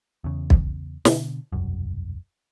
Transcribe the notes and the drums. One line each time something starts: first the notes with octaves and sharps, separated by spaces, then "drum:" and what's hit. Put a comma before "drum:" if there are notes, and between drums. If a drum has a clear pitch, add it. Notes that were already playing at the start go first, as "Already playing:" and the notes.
E2 C#3
drum: kick
B2 D3, drum: snare
E1 C2 F#2